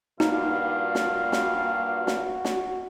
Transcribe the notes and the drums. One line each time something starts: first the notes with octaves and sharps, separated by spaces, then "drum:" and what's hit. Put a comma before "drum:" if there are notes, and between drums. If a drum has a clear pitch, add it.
G2 A#2 D#4 F#4 F5, drum: snare
drum: snare
drum: snare
drum: snare
drum: snare